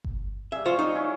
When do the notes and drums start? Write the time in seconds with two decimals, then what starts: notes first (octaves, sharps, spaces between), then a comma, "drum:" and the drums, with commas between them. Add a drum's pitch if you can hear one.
0.04 drum: kick G1
0.52 G3 G#4 E5
0.66 F4 C5 F5 C#6
0.79 D#4
0.94 C#4 E4 G#4